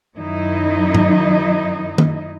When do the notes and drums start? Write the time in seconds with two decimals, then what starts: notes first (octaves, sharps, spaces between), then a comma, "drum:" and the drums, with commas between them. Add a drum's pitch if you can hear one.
0.17 F#2 D#3 F#3 D#4 E4 D#5
0.95 drum: tom G2
1.98 drum: tom